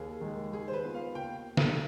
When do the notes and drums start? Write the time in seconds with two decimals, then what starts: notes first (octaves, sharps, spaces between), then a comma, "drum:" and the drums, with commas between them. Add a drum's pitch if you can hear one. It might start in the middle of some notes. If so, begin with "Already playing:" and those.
Already playing: D#2 G#4
0.21 D#3 G#3
0.52 D#3 G#4
0.68 C5
0.73 B4
0.84 B3 F4
0.94 F5
1.15 D#2 G5
1.57 drum: snare